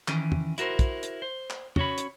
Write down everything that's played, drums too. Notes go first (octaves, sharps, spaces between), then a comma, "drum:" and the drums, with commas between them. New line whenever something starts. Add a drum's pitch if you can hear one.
D#3 E3 C#4, drum: clap
drum: tom
E4 F#4 A#4 C5, drum: hi-hat
drum: kick, hi-hat
drum: hi-hat
C5
drum: clap
C#4 F#4 C#5 B5, drum: tom
drum: hi-hat